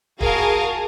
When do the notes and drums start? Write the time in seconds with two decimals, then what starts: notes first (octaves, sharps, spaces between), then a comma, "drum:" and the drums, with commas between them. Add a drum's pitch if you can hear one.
0.21 F#4 G#4 A#4 F5 A5, drum: kick